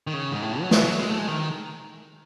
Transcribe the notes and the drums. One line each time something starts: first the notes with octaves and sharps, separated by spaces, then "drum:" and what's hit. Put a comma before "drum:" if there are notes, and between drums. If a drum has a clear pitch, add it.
D#3
C#3
G#2
A2
F#3
E3, drum: snare
F#3
G#3
A3
G#3
D#3